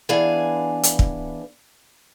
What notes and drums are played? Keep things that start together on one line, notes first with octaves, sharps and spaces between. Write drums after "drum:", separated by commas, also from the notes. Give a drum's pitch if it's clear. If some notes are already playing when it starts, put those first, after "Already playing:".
E3 B3 D4 G#4 F5 G#5
drum: hi-hat
drum: kick